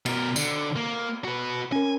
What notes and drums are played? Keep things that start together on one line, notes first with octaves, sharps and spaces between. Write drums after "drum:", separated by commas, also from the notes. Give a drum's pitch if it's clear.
B2 A#4, drum: cymbal
D3, drum: tambourine
A#3
F#4 B4
C#4 A#4 G#5